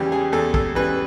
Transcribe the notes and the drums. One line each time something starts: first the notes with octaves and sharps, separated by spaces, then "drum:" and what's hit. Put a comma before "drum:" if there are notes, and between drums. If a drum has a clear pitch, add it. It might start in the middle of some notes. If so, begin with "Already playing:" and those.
Already playing: E2 C#3 E3 G3 G4
G#4
E2 A4
A4, drum: kick
C#3 E3 G3 B4